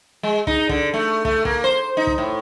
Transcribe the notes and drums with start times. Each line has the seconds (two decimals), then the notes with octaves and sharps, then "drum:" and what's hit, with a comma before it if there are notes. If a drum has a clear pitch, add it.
0.23 G#3
0.47 D#4, drum: kick
0.69 D3, drum: kick
0.94 A3
1.25 A3, drum: kick
1.45 A#3, drum: kick
1.64 C5
1.97 D#4
2.07 drum: kick
2.18 A2